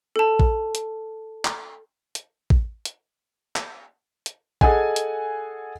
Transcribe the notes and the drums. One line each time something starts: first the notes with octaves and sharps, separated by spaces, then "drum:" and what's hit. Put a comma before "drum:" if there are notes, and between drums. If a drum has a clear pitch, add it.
A4 A5
drum: kick
drum: hi-hat
drum: clap
drum: hi-hat
drum: kick
drum: hi-hat
drum: clap
drum: hi-hat
G#4 A4 D#5 F#5 G#5, drum: kick
drum: hi-hat